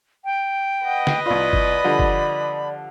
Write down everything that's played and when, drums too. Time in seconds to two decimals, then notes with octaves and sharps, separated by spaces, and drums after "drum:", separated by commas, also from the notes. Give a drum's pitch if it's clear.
0.25 G5
0.85 B4 D#5 F#5
1.07 drum: snare
1.26 C2 F4 D5 B5
1.53 drum: kick
1.84 D3 F3 G3
1.99 drum: kick